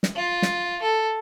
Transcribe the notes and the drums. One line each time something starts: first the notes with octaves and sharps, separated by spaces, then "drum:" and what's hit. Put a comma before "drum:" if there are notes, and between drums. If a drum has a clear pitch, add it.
drum: snare
F4
drum: snare
A4